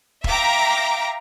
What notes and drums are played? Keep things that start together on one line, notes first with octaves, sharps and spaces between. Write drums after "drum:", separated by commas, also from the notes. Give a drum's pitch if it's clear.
E5 F5 G5 A#5 D6, drum: kick